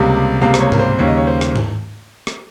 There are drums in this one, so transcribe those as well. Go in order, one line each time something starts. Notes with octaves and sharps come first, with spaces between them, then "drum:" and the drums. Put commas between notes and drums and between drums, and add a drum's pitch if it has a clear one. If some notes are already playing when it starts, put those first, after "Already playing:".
Already playing: C#2 C3 G3 A#3
C#2 C3 G3 A#3 F5
C5, drum: rim click
C#5
A#4, drum: tom G#2
C5
D#2 C#3 G3 A#3 C#5
D#5
C#5
C5
drum: rim click
drum: tom G#2
drum: rim click